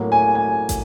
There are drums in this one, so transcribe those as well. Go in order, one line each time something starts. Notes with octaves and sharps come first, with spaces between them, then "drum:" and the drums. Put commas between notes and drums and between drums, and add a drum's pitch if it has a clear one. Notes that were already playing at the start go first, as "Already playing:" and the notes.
Already playing: A2 F#3 A#3
G#5
G#5
drum: kick, hi-hat